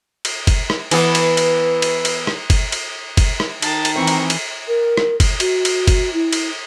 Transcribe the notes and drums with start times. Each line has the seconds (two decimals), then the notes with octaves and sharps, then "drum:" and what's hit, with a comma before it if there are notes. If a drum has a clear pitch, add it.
0.25 drum: cymbal
0.47 drum: kick G1, cymbal
0.70 drum: rim click
0.91 E3 B3, drum: cymbal
1.15 drum: cymbal
1.37 drum: cymbal
1.82 drum: cymbal
2.05 drum: cymbal
2.27 drum: rim click
2.50 drum: kick G1, cymbal
2.72 drum: cymbal
3.17 drum: kick G1, cymbal
3.40 drum: rim click
3.62 D#3 A5, drum: cymbal
3.85 drum: cymbal
3.96 E3 C4 A#5 C#6
4.07 drum: cymbal
4.30 drum: cymbal
4.68 A#4
4.97 drum: rim click
5.20 drum: kick G1, cymbal
5.40 F#4, drum: cymbal
5.65 drum: cymbal
5.88 drum: kick G1, cymbal
6.13 E4
6.33 drum: cymbal